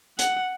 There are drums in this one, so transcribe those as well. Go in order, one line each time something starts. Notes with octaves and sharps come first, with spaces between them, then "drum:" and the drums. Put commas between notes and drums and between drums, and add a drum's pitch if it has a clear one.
F#5, drum: hi-hat